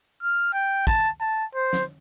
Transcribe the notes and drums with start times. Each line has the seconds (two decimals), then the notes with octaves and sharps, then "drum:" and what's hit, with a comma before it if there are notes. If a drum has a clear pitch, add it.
0.23 F6
0.53 G5
0.87 A5, drum: kick
1.20 A5
1.55 C5
1.73 drum: snare